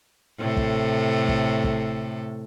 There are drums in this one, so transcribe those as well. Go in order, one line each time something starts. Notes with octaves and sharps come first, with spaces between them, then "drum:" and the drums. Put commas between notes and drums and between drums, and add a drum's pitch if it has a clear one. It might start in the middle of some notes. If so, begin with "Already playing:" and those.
A2 C3 A4
drum: kick
drum: kick
drum: kick